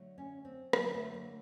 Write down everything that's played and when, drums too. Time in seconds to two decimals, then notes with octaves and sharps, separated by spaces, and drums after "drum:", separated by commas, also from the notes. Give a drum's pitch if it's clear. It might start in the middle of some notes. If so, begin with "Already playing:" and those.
Already playing: D3 F#3 A3
0.18 C#4
0.45 C4
0.73 D3 F#3 A3 A#3, drum: rim click
0.94 A3
1.14 A#3